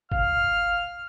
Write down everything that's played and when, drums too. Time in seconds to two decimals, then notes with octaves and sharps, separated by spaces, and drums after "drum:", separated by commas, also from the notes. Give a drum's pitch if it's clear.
0.12 F5 F6, drum: kick G1